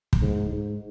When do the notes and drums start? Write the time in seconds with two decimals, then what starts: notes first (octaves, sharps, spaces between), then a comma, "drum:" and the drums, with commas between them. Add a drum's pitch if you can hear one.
0.13 drum: kick
0.22 G#2
0.51 G#2